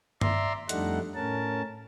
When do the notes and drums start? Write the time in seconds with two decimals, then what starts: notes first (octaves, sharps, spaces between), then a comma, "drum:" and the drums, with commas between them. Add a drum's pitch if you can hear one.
0.21 D5 E5 A#5 C6, drum: tom G2
0.69 F2 G3 A3 D4 D#4 F#5, drum: hi-hat
1.15 A2 C#4 A#4 A5